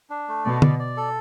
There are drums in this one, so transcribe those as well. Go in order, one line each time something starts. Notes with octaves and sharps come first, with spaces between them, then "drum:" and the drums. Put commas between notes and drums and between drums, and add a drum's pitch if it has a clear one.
D4
A3
B2 D5
D5, drum: tom
D5
A4